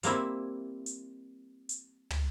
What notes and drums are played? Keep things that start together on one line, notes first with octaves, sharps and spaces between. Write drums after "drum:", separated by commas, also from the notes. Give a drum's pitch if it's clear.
G3 A#3 C4 E4, drum: hi-hat
drum: hi-hat
drum: hi-hat
drum: tom